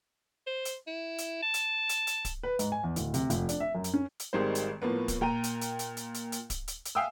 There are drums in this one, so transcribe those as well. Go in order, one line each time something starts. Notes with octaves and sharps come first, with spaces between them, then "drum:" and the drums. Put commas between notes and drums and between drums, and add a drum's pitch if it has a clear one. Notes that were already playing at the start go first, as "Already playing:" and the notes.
C5
drum: hi-hat
E4
drum: hi-hat
A5
drum: hi-hat
drum: hi-hat
drum: hi-hat
drum: kick D1, hi-hat
B4
G#2, drum: hi-hat
G#5
E2
D1, drum: hi-hat
C3, drum: hi-hat
F1, drum: hi-hat
D4, drum: hi-hat
E5
F#2
drum: hi-hat
C#4
drum: hi-hat
G#1 D#3 G3 G#3 C5
drum: hi-hat
A2 F3 A#3 B3
drum: kick D1, hi-hat
A#2 G5 A#5 D#7
drum: hi-hat
drum: hi-hat
drum: hi-hat
drum: hi-hat
drum: hi-hat
drum: hi-hat
drum: kick D1, hi-hat
drum: hi-hat
drum: hi-hat
E5 F5 G5 G#5 D#6 E6